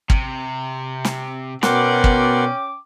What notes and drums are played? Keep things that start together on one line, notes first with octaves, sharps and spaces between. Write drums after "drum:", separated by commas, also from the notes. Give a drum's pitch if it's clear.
C3, drum: kick
drum: snare
B2 C#4 A#4 D5 F#5 G5 C6 D6, drum: snare
drum: kick